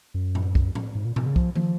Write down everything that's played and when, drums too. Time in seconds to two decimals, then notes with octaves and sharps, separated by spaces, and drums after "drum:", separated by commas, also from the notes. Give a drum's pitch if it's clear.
0.14 F#2
0.35 drum: tom A2
0.55 drum: kick C2
0.75 drum: tom A2
0.95 G#2
1.05 A#2
1.16 B2, drum: tom G#2
1.26 C#3
1.36 F3, drum: kick C2
1.56 F3, drum: tom D#3